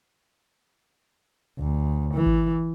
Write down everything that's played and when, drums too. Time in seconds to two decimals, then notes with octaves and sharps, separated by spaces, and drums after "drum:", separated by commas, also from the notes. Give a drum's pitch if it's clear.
1.59 D2
2.14 E3
2.26 drum: kick G#1